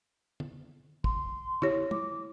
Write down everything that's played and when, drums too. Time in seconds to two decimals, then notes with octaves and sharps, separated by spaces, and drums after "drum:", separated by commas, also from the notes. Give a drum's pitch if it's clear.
0.40 drum: tom
1.04 C6, drum: kick
1.62 E4 G4 C#5, drum: tom
1.91 D6, drum: tom